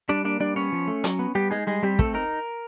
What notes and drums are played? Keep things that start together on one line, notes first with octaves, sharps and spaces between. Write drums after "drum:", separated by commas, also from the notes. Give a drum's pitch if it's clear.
G3 D4 D5
A#3 D4 D5
G3 D4 D5
B3 C#4 C#5
F3
A3
F#3, drum: hi-hat
B3
G3 B3 G4
G#3 D#4 G#4
G3 G#3 G#4
G3 C4 G4
A3 C4 A4, drum: kick
D#4 A#4